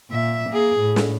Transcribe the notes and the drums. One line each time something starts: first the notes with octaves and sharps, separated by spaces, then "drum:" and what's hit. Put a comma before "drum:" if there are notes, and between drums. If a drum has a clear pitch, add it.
A#2 E5
A#3 G#4
A2
drum: snare